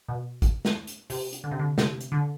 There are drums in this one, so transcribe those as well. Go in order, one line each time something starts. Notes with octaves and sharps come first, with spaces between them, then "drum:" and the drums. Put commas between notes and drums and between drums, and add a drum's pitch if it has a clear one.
B2
drum: kick, hi-hat
drum: snare
drum: hi-hat
C3, drum: open hi-hat
drum: hi-hat
D3
C3
D3
C3, drum: snare
drum: hi-hat
D3